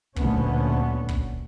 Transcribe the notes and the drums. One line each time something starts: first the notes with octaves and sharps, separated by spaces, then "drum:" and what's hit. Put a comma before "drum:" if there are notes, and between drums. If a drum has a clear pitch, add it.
D2 A#2 F#3 A3 B3 C#4, drum: kick
drum: kick